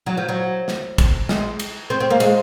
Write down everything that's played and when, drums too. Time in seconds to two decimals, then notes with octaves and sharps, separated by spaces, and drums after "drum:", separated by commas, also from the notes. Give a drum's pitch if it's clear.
0.06 F#3
0.17 F3
0.29 F#3
0.68 drum: snare
0.98 drum: kick, cymbal
1.29 G#3, drum: snare
1.59 drum: cymbal
1.90 C4
2.00 C4
2.10 A#3
2.20 G#3, drum: cymbal